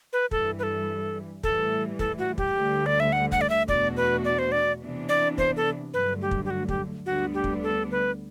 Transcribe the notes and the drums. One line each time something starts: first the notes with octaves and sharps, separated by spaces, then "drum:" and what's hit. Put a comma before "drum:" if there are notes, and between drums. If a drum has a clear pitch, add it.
B4
G2 E3 G3 A4, drum: kick
B4
A4
A2 E3 G3 A4, drum: kick
A4, drum: kick
F#4
G4, drum: kick
D2 D3 G3
D5
E5
F#5
F#5, drum: kick
D5
E5
E2 B2 A3 D4 F#4 D5, drum: kick
B4
D5
C5
D5
C3 E3 B3 D4
D5
C5, drum: kick
A4
G2 D3 F#3 A3 B4
G4
drum: kick
G4
F#4
G4, drum: kick
D2 D3 G3 B3 D4 F#4
G4
drum: kick
A4
B4